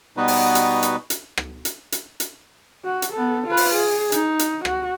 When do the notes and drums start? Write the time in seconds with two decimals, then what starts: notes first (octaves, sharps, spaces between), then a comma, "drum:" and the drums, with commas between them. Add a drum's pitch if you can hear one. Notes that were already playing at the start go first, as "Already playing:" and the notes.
0.17 B2 G3 B3 D#4 F#4 B4
0.28 drum: open hi-hat
0.55 drum: hi-hat
0.83 drum: hi-hat
1.10 drum: hi-hat
1.37 drum: rim click
1.65 drum: hi-hat
1.92 drum: hi-hat
2.20 drum: hi-hat
2.85 F#4
3.02 drum: hi-hat
3.13 B3 A4
3.47 F4 B4
3.57 drum: open hi-hat
3.76 G#4
4.12 D#4, drum: hi-hat
4.39 drum: hi-hat
4.65 F#4, drum: rim click